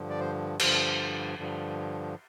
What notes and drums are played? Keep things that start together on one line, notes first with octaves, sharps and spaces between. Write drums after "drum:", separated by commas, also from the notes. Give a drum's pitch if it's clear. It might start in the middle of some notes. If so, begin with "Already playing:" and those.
Already playing: G2 D3 F3
D5
C5
G2 D3 F3 C5, drum: cymbal
G2 D3 F3